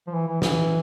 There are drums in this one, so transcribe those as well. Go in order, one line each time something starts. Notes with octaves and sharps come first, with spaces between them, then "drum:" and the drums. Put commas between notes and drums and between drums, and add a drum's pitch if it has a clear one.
F3
E3
E3
E3, drum: snare